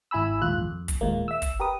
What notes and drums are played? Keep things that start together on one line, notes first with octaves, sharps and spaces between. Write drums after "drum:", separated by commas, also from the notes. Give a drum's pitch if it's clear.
G#1 E4 G#5 B5 E6
A#1 D#2 G#2 F4 F#6
F2
drum: kick, hi-hat
D#2 A#2 G#3 A#3
E5 E6
drum: kick, hi-hat
G4 A#4 B4 D#6